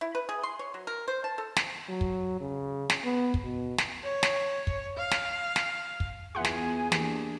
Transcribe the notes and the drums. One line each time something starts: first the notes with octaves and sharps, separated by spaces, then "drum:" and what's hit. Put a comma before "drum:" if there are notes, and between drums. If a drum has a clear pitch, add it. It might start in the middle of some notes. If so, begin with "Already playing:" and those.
E4
B4
G#4
C6
C#5
F#3
A#4
C5
A5
A4
drum: snare
F#3
drum: kick
C#3
drum: snare
B3
drum: kick
B2
drum: snare
C#5
drum: snare
drum: kick
F5
drum: snare
drum: snare
drum: kick
E2 B3 F4 G#4 E5 F#5 G#5 C6
drum: snare
E3 A#3 D4 G4, drum: snare